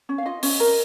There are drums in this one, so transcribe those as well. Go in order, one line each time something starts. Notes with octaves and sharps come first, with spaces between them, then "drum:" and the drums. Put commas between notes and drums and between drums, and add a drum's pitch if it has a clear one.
C#4
F5
F4 D#5
C#4, drum: open hi-hat
A#4